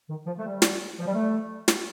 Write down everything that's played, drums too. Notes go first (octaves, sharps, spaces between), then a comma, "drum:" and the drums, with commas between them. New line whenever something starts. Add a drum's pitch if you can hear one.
D#3
F3
A3
G3
drum: snare
F3
G3
A3
drum: snare